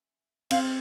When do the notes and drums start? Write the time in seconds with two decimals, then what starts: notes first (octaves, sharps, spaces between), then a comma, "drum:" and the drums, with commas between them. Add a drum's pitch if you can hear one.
0.51 C4 F5, drum: cymbal